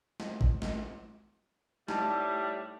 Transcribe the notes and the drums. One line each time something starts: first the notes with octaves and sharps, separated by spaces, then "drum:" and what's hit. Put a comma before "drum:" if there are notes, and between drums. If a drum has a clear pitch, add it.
drum: snare
drum: kick G#1
drum: snare
A2 G3 D#4 E5 A5, drum: snare